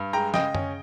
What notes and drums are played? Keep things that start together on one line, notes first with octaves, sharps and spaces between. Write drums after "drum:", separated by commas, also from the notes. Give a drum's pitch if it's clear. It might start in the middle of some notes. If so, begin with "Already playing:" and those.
Already playing: G2
G#3 G5 A#5
C#3 D#5 G5, drum: snare
C#4, drum: tom F#2